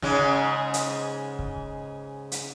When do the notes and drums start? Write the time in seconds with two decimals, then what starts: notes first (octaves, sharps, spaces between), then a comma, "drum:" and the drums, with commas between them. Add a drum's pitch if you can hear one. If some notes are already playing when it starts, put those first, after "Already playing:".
0.02 G#2 C#3 G#3, drum: snare
0.74 drum: hi-hat
1.39 drum: kick
2.32 drum: hi-hat